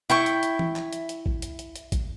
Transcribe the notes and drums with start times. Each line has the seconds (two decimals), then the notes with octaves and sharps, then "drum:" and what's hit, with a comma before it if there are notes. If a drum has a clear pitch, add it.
0.10 E4 G5 C#6, drum: tom
0.26 drum: hi-hat
0.43 drum: hi-hat
0.59 drum: tom E3
0.76 drum: clap
0.93 drum: hi-hat
1.09 drum: hi-hat
1.26 drum: kick
1.42 drum: hi-hat
1.59 drum: hi-hat
1.76 drum: hi-hat
1.92 drum: kick, hi-hat